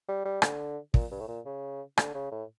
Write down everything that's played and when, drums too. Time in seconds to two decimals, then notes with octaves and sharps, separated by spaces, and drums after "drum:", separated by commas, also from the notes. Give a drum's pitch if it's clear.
0.08 G3
0.25 G3
0.42 D3, drum: rim click
0.94 A#2, drum: kick
1.11 G2
1.20 A2
1.28 A#2
1.45 C#3
1.97 D3, drum: rim click
2.14 C#3
2.31 A2